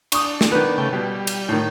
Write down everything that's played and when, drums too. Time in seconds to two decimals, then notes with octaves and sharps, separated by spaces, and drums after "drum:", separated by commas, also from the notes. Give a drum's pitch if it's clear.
0.12 D4 C#6 D#6, drum: cymbal
0.41 drum: snare
0.52 D#3 B3
0.78 C#3 A3 G5
0.93 B2 G3
1.27 drum: cymbal
1.49 A2 D#3